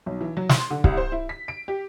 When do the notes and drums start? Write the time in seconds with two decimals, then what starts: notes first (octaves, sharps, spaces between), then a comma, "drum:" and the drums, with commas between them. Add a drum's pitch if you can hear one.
0.06 B1
0.21 E3
0.37 F#3
0.49 C6, drum: snare
0.70 D3
0.84 C2, drum: kick
0.97 C5
1.12 E4
1.29 B6
1.48 D7
1.68 G4